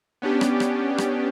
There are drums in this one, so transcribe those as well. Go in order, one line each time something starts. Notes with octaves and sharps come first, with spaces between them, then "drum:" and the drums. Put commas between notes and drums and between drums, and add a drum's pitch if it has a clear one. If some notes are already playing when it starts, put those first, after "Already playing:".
B3 C#4 D4 G4
drum: rim click
drum: rim click
drum: rim click